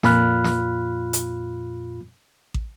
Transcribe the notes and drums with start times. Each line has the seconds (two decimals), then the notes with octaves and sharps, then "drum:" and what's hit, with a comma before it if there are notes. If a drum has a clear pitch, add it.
0.03 F2 A#2 F4 B5 F6 F#6, drum: snare
0.44 drum: snare
1.13 drum: hi-hat
2.54 drum: kick